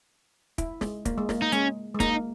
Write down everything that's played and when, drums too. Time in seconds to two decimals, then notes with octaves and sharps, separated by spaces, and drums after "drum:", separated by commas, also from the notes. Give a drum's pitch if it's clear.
0.58 E4, drum: kick, hi-hat
0.81 G#3, drum: snare
1.05 A#3, drum: kick, hi-hat
1.18 G#3
1.29 A#3, drum: snare
1.42 D#4
1.52 G#3 C#4, drum: hi-hat
1.95 G#3
2.00 A#3 D#4, drum: kick, hi-hat